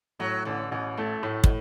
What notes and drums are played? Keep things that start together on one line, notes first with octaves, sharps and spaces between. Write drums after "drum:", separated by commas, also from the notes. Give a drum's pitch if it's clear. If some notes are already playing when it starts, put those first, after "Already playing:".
A2 F#3
A1 D3
A1 B2
A2 A3
F#2 A2
B2, drum: kick